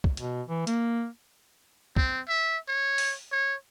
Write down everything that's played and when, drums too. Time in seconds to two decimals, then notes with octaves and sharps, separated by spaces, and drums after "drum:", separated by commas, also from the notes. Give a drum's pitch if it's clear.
0.04 drum: kick
0.17 B2, drum: hi-hat
0.48 E3
0.67 A#3, drum: hi-hat
1.97 C4, drum: kick
2.29 E5
2.68 C#5
2.98 drum: open hi-hat
3.32 C#5